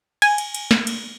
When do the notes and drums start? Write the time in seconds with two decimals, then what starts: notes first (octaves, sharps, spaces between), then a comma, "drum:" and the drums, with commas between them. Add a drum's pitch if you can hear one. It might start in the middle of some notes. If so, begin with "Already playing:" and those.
0.22 G#5, drum: cymbal
0.38 drum: cymbal
0.55 drum: cymbal
0.71 drum: snare
0.87 drum: cymbal